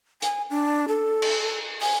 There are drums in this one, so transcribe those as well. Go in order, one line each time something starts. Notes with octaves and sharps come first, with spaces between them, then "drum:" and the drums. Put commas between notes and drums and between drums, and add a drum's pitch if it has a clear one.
G#5, drum: hi-hat
D4
A4
drum: cymbal
G#5, drum: open hi-hat